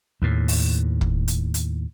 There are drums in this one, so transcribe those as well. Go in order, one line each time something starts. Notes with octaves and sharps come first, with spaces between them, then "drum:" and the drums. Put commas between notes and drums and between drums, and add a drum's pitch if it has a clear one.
D#2 A2
drum: open hi-hat
drum: kick
drum: hi-hat
drum: hi-hat